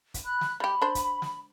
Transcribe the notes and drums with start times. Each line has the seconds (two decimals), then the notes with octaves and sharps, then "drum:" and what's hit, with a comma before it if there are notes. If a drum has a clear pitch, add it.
0.14 drum: kick, hi-hat
0.25 B5 F#6
0.41 drum: snare
0.60 G3 G4 B5
0.82 D4 C5
0.95 drum: kick, hi-hat
1.22 drum: snare